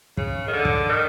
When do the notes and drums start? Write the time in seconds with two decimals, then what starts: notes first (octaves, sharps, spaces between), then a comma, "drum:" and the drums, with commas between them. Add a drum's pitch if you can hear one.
0.17 C#3, drum: kick
0.47 D#3
0.53 D3
0.65 drum: kick
0.89 D#3